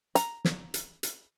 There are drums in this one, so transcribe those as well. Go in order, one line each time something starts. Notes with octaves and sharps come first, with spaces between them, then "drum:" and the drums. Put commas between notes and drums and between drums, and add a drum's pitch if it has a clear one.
A#5, drum: hi-hat
drum: snare
drum: hi-hat
drum: hi-hat